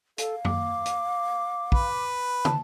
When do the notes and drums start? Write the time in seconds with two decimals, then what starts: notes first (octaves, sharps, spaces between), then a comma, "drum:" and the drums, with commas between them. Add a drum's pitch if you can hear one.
0.18 A4 F5, drum: hi-hat
0.45 D6, drum: tom F#2
0.86 drum: hi-hat
1.72 B4, drum: kick
2.45 A5, drum: tom